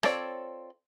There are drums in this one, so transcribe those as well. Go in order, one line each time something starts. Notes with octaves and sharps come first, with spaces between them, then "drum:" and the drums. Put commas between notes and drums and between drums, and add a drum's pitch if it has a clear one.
C4 F4 A4 C#5 D5, drum: rim click